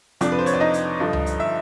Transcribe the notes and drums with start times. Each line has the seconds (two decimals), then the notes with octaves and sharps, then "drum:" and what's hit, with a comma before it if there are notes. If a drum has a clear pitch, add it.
0.21 F2 C3 F3 D4 D5, drum: hi-hat
0.32 B4
0.39 C5
0.46 C#5, drum: hi-hat
0.53 D5
0.60 D#4 D#5
0.73 drum: hi-hat
1.00 G2 D3 F3
1.13 drum: tom C#2
1.26 drum: hi-hat
1.40 E5